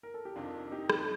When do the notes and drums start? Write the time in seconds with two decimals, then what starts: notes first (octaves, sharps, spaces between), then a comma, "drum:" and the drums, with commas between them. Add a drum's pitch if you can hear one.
0.03 A#4
0.14 A4
0.25 G4
0.36 F2 C3 D#3 D4 F4
0.72 D#4 G4
0.90 drum: rim click